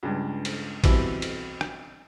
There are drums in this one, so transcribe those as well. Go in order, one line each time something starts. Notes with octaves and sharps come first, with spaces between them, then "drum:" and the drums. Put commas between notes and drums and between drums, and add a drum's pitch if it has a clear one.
C#2 G2
drum: cymbal
B2 E3 G3 C4 E6, drum: kick, cymbal
drum: cymbal
drum: rim click